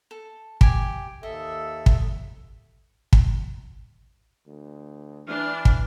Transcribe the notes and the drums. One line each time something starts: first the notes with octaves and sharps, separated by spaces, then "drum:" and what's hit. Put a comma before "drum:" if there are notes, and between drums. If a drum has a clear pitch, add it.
A4
G4 G#5, drum: kick
D#2 A4 D#5 E5
drum: kick
drum: kick
D2
E3 D4 F6
drum: kick